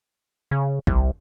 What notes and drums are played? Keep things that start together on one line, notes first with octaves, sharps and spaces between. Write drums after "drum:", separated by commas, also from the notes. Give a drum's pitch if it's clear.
C#3
C2, drum: kick G#1